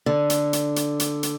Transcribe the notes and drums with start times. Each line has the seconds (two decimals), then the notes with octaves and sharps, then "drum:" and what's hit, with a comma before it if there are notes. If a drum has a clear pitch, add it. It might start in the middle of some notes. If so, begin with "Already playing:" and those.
0.06 D3
0.30 drum: hi-hat
0.53 drum: hi-hat
0.76 drum: hi-hat
1.00 drum: hi-hat
1.23 drum: hi-hat